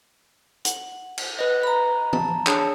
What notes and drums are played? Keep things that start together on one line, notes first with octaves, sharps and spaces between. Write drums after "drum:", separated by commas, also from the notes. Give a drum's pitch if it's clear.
F#5, drum: hi-hat
drum: cymbal
B4 D#5
A#5 B5
A5, drum: tom
D4 G#4 C#5 A5, drum: clap